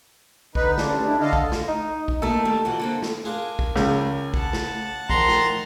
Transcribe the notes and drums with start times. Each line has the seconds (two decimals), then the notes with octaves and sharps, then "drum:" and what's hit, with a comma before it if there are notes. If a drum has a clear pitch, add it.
0.55 D3 D#4 B4, drum: kick B1
0.77 C#3 G3 D4, drum: snare
1.06 D4 E4
1.21 D3 A4 D#5 F5
1.33 drum: kick B1
1.52 drum: snare
1.68 D#4
2.08 drum: kick B1
2.22 A3 A#3 A4
2.45 D#3 G3
2.65 E3 F4 F#4
2.79 D3 A#3 C4
3.02 drum: snare
3.25 D4 F4 G#4 A#4 G#5
3.59 drum: kick B1
3.76 C#2, drum: snare
4.34 F#5 A5, drum: kick B1
4.53 drum: snare
5.10 A#1 D#3 A#5 C6, drum: kick B1
5.28 drum: snare